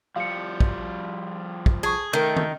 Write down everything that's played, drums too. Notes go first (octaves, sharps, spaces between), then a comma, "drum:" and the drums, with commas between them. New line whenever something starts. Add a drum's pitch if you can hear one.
F3 G3 F5 C#7
drum: kick
drum: kick
G#4 A5 C#6
D#3 A3 A#4 G6
drum: tom